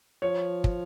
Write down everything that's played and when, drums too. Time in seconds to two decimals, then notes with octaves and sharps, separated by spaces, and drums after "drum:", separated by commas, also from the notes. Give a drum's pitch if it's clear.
0.22 F3 C#5
0.64 drum: kick